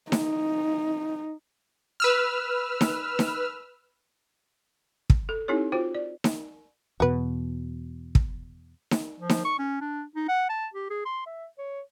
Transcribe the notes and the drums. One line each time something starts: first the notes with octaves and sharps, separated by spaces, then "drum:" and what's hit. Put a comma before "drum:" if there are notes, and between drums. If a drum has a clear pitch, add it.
D#4, drum: snare D#4
B4 E6 F6
drum: snare D#4
drum: snare D#4
drum: kick
A4
C4 D#4 E4 G4 A4 C#5
F4 F#4 C5 G5
D5
drum: snare D#4
E2 B2 F#4 B4
drum: kick
drum: snare D#4
F3
drum: snare D#4
C#6
C#4
D4
D#4
F#5
A5
G4
G#4
C6
E5
C#5